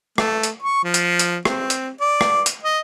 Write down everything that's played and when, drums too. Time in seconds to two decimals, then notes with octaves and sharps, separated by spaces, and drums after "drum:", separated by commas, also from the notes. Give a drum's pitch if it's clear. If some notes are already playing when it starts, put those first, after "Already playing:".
0.18 A3, drum: rim click
0.43 drum: hi-hat
0.62 C#6
0.84 F3
0.94 drum: hi-hat
1.19 drum: hi-hat
1.45 C4, drum: rim click
1.70 drum: hi-hat
2.01 D5
2.21 drum: rim click
2.46 drum: hi-hat
2.63 D#5